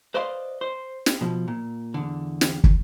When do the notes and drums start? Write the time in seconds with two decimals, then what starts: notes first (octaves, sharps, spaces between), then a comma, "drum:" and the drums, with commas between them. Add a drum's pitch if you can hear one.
0.14 B4 C5 D5 D#5 F5 C6
0.61 C5
1.06 drum: snare
1.21 B2 F3
1.48 A#2
1.94 E2 D3
2.41 drum: snare
2.64 drum: kick